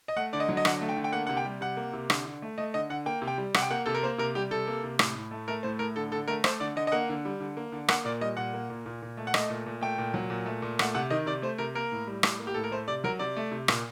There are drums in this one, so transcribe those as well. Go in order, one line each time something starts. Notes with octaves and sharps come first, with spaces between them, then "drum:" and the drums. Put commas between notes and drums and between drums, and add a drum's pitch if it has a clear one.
D#5
A3 F#5
D3 D5
D#5
F#3
D#5
D3 F#5, drum: rim click
A3
G5
D3
G5
A#3 F#5
C3 F#5
G5
G3
C3 F#5
A#3
C3
D3, drum: rim click
D3
A3
A3 D#5
D3 D#5
D3 F#5
A#3 G5
C3
G5
G3
C3 F#5, drum: rim click
G5
A#3 F#5
C3 A4
A#4
A#3 C5
C3 A#4
G3 G4
C3 A4
A#3
C3
A2, drum: rim click
A2
A3
A3 A#4
A2 C5
A2 A#4
D3 A4
D3 A4
A3 A#4
A3 C5, drum: rim click
D3 D5
D3 D#5
D#5
A#3 F#5
D3
G3
D3
A#3
D3
A#3 F#5, drum: rim click
A#2 D5
G3 D#5
A#2 F#5
A#3
A#2
A#2
A#2
A3
F#5
A3 D#5, drum: rim click
A#2
A#2
A3 G5
A#2
F#3
A#2
A3
A#2
A3 F#5, drum: rim click
C3 F#5
D#3 D#5
C3 D5
A3 C5
C3 A#4
A#3 A#4
A2
G3
A2, drum: rim click
A#3
G4
A2 A4
A#4
A3 C5
C3 D5
F#3 A#4
C3 D5
A3
C3
A#2, drum: rim click